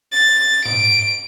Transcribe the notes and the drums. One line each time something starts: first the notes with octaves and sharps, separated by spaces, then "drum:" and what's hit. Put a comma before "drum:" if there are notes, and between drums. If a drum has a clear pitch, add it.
A6
D7, drum: tom G#2